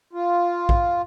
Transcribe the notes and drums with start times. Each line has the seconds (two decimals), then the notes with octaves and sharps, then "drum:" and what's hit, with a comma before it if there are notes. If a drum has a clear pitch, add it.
0.13 F4
0.69 drum: kick A#1